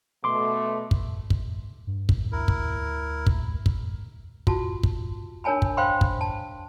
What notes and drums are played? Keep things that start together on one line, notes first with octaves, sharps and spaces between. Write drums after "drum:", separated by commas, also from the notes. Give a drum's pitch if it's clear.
B2 A3 C6 D6
drum: kick
drum: kick
G2
drum: kick
D2 E4 A#4
drum: kick
drum: kick
drum: kick
F4 F#4 A5, drum: kick
drum: kick
D4 A#4 C#5 G#5 A5 B5
drum: kick
C5 F5 G5 B5 C6
drum: kick
A5